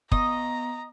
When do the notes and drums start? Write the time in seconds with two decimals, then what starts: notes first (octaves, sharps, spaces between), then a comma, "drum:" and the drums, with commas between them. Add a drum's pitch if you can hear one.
0.12 B3 D#5 A#5, drum: kick